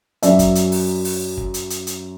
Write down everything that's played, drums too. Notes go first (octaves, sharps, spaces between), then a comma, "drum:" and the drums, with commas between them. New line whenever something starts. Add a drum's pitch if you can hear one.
F#2 F#3 D5 E5, drum: hi-hat
drum: kick, hi-hat
drum: hi-hat
drum: open hi-hat
drum: open hi-hat
drum: kick
drum: hi-hat
drum: hi-hat
drum: hi-hat